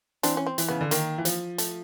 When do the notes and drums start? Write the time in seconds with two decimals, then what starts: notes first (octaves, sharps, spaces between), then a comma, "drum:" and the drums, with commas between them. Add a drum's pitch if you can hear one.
0.23 E3 C4 D4, drum: hi-hat
0.37 C#4
0.46 C4
0.58 E3, drum: hi-hat
0.68 C#3 B3
0.81 D3
0.91 D#3 A#3, drum: hi-hat
1.18 E3
1.25 F3, drum: hi-hat
1.58 A3, drum: hi-hat